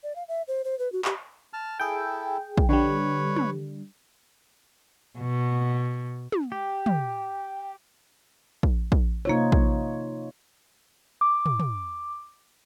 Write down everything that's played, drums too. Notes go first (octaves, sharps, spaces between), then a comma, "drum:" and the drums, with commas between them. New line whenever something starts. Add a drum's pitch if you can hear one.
D5
F5
E5
C5
C5
B4
F#4
G4, drum: clap
A5 F6
E4 G#4 A4 G5
drum: kick
D3 G3 B4 C#5
drum: tom
B2
drum: tom
G4 G5
drum: tom
drum: kick
drum: kick
C3 A#3 D#4 F4 C#5
drum: kick
D6
drum: tom
drum: tom